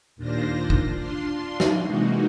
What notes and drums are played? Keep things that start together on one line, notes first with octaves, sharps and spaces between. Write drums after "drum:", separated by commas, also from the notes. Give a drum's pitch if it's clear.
D#2 A#2 D4 F4 C5 A#6
drum: kick
D4 F4 C6
drum: snare
C3 E3 G#3 A#3 D#4 F#4